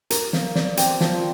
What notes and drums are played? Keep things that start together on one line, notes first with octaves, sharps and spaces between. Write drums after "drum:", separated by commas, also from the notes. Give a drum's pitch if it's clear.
A#4, drum: hi-hat
F5, drum: snare
D5, drum: snare
C4, drum: hi-hat
F3, drum: snare